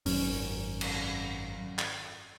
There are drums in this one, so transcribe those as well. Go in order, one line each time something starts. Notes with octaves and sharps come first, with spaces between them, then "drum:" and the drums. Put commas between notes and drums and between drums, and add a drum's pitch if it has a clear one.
G#1 F#2 C#4, drum: open hi-hat
drum: cymbal
drum: clap